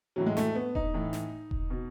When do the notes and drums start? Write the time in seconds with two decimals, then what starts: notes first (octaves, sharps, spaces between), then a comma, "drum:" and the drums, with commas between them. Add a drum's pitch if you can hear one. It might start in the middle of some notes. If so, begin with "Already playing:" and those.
0.16 A2 E3 F#3
0.26 G#3
0.37 A3, drum: snare
0.55 B3
0.75 D#4, drum: kick E1
0.94 A2 E3
1.13 drum: snare
1.51 drum: kick E1
1.70 B2